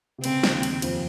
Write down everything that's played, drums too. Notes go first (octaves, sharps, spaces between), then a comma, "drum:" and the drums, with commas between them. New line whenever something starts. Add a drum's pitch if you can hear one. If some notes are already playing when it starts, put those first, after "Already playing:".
C3
C#3 C4, drum: cymbal
drum: snare
D#2 D#3
drum: cymbal
F2 F3, drum: cymbal